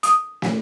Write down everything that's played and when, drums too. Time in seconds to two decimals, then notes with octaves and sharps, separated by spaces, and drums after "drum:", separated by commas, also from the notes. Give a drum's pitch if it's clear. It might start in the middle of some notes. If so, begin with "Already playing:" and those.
0.03 D#6, drum: hi-hat
0.42 drum: snare